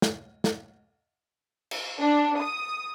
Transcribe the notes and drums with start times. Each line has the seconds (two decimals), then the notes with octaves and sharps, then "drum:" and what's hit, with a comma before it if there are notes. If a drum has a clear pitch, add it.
0.02 drum: snare
0.44 drum: snare
1.71 drum: cymbal
2.01 D4
2.40 D#6